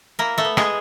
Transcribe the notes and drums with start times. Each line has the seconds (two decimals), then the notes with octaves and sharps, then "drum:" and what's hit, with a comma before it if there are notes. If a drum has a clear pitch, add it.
0.19 A#3 E4 A#4
0.38 A3 A4
0.45 B3
0.57 G#3 G#4, drum: rim click